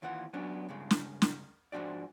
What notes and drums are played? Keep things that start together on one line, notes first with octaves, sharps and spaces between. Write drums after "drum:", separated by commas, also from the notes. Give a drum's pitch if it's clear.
D#2 E3 F4 F#5
F#3 B3 C#4 D4
G2 C#3 G#3
drum: snare
drum: snare
G#2 F3 D4 F#4 D5